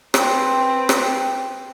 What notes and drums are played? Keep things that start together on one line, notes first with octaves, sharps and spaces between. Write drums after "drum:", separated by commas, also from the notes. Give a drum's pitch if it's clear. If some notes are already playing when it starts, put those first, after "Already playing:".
C4 B4, drum: rim click
drum: rim click